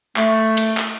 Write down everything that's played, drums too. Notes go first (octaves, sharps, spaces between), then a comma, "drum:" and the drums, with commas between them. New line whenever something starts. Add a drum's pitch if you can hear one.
A3, drum: clap
drum: cymbal
drum: clap